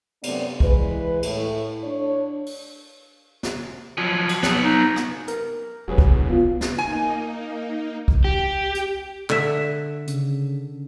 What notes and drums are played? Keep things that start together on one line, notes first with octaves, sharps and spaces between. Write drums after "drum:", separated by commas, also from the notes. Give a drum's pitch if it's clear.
F#2 C3 A3 B3 D4 D5, drum: cymbal
E3 G#3 B4, drum: kick
A2, drum: cymbal
D4 C#5
drum: open hi-hat
drum: snare
F3 F#3
drum: cymbal
F#3 B3, drum: snare
D#4
drum: rim click
A#4, drum: hi-hat
E1 F#3 G#4 B4
drum: kick
B3 F4
drum: snare
A#3 D#4 G#5
drum: kick
G4
drum: hi-hat
D3 E5, drum: clap
C#3, drum: hi-hat